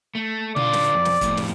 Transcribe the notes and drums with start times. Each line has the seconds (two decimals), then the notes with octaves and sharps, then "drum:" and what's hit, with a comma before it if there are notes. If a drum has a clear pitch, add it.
0.15 A3
0.56 D3 F4 D5, drum: tom
0.73 drum: snare
0.94 F2
1.05 drum: snare
1.21 F2 A2, drum: kick, hi-hat
1.37 drum: snare